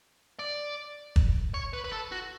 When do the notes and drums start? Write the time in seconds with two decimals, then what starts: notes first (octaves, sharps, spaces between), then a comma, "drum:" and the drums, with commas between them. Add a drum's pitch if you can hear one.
0.39 D5
1.16 drum: kick
1.54 C#5
1.73 B4
1.84 B4
1.92 A4
2.12 F#4